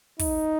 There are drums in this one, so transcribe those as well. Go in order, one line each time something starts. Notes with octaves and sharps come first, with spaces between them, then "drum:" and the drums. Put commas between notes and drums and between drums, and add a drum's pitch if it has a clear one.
D#4, drum: kick, open hi-hat